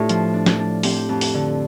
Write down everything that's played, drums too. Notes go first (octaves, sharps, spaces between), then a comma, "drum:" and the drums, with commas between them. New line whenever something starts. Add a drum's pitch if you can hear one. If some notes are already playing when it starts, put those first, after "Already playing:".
Already playing: A2 D4 F4 G4 A4
F3, drum: hi-hat
D4
drum: snare
D4
C4 G4, drum: open hi-hat
F2
drum: open hi-hat
D3